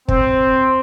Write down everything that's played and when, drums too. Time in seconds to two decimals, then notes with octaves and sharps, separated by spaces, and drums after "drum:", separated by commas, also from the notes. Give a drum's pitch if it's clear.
0.08 C4, drum: kick